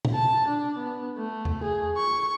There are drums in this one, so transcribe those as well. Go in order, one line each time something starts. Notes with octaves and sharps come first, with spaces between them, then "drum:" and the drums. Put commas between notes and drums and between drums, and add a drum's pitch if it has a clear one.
drum: tom A#2
A5
D4
B3
A3
drum: tom E2
G#4
C#6